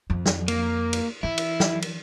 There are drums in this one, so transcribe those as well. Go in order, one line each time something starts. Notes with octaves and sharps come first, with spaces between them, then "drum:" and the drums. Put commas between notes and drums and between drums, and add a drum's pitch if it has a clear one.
F2
drum: snare
A#3, drum: cymbal
drum: cymbal
E3 E4
drum: cymbal
drum: snare
drum: cymbal